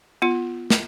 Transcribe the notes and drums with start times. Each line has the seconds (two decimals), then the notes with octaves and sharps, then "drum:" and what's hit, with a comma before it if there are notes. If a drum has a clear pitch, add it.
0.22 B3 F4
0.70 drum: snare